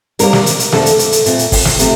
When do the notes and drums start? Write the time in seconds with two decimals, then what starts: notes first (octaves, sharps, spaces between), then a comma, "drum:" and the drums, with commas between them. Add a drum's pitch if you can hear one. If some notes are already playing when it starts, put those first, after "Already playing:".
0.19 C3 G3 A#3 A#4, drum: hi-hat
0.33 drum: snare
0.46 drum: hi-hat
0.59 drum: hi-hat
0.72 F2 D3 A3 C4 A4, drum: snare
0.86 drum: hi-hat
0.99 drum: hi-hat
1.12 drum: hi-hat
1.26 A#2 A3 C4, drum: hi-hat
1.39 drum: hi-hat
1.52 drum: kick, open hi-hat
1.65 drum: snare
1.79 C3 F3 A3 C4, drum: hi-hat